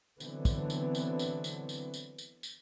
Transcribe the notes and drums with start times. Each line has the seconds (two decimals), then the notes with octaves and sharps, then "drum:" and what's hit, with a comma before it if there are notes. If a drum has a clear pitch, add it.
0.20 D3 E3 F#3 B3 C4, drum: tambourine
0.45 drum: kick, tambourine
0.70 drum: tambourine
0.95 drum: tambourine
1.19 drum: tambourine
1.44 drum: tambourine
1.69 drum: tambourine
1.94 drum: tambourine
2.18 drum: tambourine
2.43 drum: tambourine